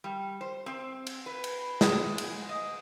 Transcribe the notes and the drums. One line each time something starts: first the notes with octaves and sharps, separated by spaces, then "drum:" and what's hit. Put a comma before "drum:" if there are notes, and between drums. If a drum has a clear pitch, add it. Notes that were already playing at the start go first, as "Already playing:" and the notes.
G3
C5
C4
drum: cymbal
B4
drum: cymbal
G#3, drum: snare
drum: cymbal
D#5